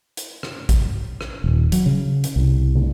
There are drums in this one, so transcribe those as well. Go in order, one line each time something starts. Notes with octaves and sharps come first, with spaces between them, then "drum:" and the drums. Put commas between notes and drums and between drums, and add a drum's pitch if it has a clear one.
drum: hi-hat
drum: rim click
drum: kick A1, hi-hat
drum: rim click
D#1
F#3, drum: hi-hat
C#3
drum: hi-hat
C2
drum: tom